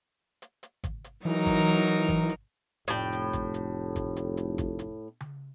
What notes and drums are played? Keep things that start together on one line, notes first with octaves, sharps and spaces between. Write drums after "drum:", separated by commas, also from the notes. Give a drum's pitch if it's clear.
drum: hi-hat
drum: hi-hat
drum: kick G#1, hi-hat
drum: hi-hat
E3 F#3 D#4 A#4
drum: kick G#1, hi-hat
drum: hi-hat
drum: hi-hat
drum: kick G#1, hi-hat
drum: hi-hat
F1 A2 G5
drum: hi-hat
drum: kick G#1, hi-hat
drum: hi-hat
drum: kick G#1, hi-hat
drum: hi-hat
drum: hi-hat
drum: kick G#1, hi-hat
drum: hi-hat
drum: tom C#3